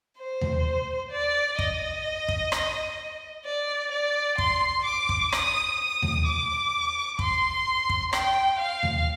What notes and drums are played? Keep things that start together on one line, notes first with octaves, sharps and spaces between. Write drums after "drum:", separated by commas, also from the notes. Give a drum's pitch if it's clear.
C5
drum: tom D#2
D5
D#5, drum: kick
drum: kick
drum: rim click
D5
D5
C6, drum: kick
D6
drum: kick
D#6, drum: rim click
D#6
drum: tom D#2
D6
C6, drum: kick
drum: kick
G5, drum: rim click
F5
drum: tom D#2